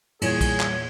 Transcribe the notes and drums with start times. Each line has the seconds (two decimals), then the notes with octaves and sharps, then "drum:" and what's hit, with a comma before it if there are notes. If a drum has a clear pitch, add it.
0.22 E2 A#2 G3 G#4 C#5, drum: cymbal
0.41 drum: kick, cymbal
0.60 drum: clap